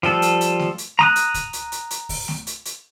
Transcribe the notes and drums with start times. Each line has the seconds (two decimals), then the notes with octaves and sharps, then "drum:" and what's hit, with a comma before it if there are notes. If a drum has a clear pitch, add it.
0.03 F3 G3 A4, drum: snare A3
0.22 drum: hi-hat
0.41 drum: hi-hat
0.59 drum: snare A3
0.78 drum: hi-hat
0.99 A#5 D#6 F#6, drum: snare A3
1.16 drum: hi-hat
1.34 drum: kick C#2, hi-hat
1.53 drum: hi-hat
1.72 drum: hi-hat
1.90 drum: hi-hat
2.09 drum: kick C#2, open hi-hat
2.28 drum: snare A3
2.47 drum: hi-hat
2.65 drum: hi-hat